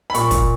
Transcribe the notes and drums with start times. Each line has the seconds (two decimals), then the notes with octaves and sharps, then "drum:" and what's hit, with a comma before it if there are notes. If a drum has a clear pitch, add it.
0.10 B5
0.14 A#2 C#6, drum: hi-hat
0.31 drum: kick, hi-hat